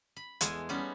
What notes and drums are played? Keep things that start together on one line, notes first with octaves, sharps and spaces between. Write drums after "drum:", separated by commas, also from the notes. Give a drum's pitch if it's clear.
B5
E2 G#3 A4 G#5, drum: hi-hat
G3 B3 C#4 D#4